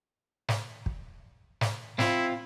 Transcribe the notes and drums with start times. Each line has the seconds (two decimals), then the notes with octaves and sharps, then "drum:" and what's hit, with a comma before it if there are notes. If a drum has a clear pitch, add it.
0.48 drum: snare
0.86 drum: kick
1.61 drum: snare
1.99 C4 E4 F4, drum: snare